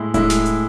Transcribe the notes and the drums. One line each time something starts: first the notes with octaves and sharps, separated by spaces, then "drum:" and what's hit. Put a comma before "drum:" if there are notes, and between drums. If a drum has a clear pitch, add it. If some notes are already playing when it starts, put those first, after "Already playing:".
Already playing: A2 G#3 E4
A2 G#3 E4, drum: kick D#1, hi-hat
drum: snare
drum: hi-hat